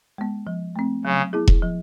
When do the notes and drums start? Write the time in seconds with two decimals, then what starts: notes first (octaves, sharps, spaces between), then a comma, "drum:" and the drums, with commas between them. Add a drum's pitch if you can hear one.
0.18 G#3 B3
0.47 F3
0.76 A3 C4
1.04 C#3 F#3
1.33 B3 E4 G#4
1.48 drum: kick E1
1.62 F3